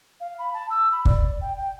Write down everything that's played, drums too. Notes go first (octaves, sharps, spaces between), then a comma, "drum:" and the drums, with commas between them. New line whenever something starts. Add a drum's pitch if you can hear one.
F5
B5
A5
E6
B5
D5, drum: kick
G5
G5